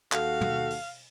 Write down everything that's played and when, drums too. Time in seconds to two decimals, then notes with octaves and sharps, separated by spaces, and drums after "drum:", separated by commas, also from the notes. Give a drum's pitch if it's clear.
0.12 D#2 F#4 A4 F5, drum: clap
0.41 drum: tom
0.70 drum: open hi-hat